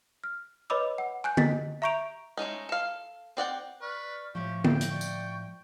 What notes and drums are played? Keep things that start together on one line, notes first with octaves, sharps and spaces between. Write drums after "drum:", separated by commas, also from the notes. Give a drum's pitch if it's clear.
F6
B4 C#5 D#5 B5 D6 E6
F#5
G#5 F#6 G6
G4 D#5 A6 B6, drum: tom
E5 A#5 C#6 G6 D7 F7
G#3 A3 C#4 D#4
A4 F5
C4 D5 F#5 G5
B4 D5 C#6 F6
A2 F3 G4 C#6
E4 G5, drum: tom
drum: hi-hat
D5 C#6
drum: tambourine